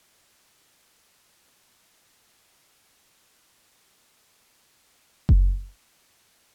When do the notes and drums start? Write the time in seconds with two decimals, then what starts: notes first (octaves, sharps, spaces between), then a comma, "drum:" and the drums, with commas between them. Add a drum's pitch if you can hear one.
0.16 D5
0.80 F#3
2.19 D#5 E5 G#5
2.72 B3 E4 F4 G#5
3.09 B3 F4 G5 A5
4.30 E5
5.29 drum: kick F#1
5.69 F4
5.82 E5
5.96 B3
6.11 D6
6.26 F4
6.40 D#5